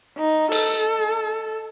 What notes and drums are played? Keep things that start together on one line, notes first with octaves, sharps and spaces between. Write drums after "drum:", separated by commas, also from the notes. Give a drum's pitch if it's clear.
D#4
A4, drum: open hi-hat